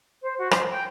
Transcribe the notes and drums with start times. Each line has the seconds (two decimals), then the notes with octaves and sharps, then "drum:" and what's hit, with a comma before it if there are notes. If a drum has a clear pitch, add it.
0.23 C5
0.39 F#4
0.51 C5, drum: rim click
0.71 G5